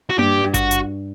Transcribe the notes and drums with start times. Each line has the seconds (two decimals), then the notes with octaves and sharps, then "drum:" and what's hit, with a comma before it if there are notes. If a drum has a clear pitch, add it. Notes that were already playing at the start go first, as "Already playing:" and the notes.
0.10 F#4
0.19 G2 G4, drum: tom A#3
0.54 F#4, drum: kick G#1, hi-hat
0.71 drum: hi-hat